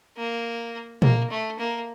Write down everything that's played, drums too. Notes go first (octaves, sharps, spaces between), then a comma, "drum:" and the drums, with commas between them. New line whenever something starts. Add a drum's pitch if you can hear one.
A#3
A#3, drum: tom A#2
A3
A#3